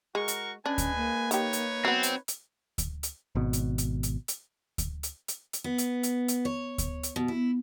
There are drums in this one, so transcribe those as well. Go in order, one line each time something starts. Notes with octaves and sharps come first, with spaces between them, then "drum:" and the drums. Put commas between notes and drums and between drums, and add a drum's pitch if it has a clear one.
G#3 F#4 A#4 C#6
drum: hi-hat
G#3 C#4 D4 B4 G#5
drum: kick D2, hi-hat
A#3
D#3 D#4 G4 B4 C#5, drum: hi-hat
drum: hi-hat
F#3 B3 C4
drum: hi-hat
drum: hi-hat
drum: kick D2, hi-hat
drum: hi-hat
G#1 B2
drum: hi-hat
drum: hi-hat
drum: hi-hat
drum: hi-hat
drum: kick D2, hi-hat
drum: hi-hat
drum: hi-hat
drum: hi-hat
B3
drum: hi-hat
drum: hi-hat
drum: hi-hat
C#5
drum: kick D2, hi-hat
drum: hi-hat
B2
E4